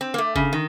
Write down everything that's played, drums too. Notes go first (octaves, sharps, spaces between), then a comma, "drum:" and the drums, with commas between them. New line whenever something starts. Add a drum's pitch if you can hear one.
C4
A#3
A3
C#3, drum: kick
D#3